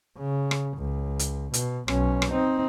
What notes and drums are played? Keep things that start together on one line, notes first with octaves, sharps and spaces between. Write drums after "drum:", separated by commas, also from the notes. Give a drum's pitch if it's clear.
C#3
drum: rim click
C#2
drum: hi-hat
B2, drum: hi-hat
B1 C#4, drum: rim click
drum: rim click
C4 D#4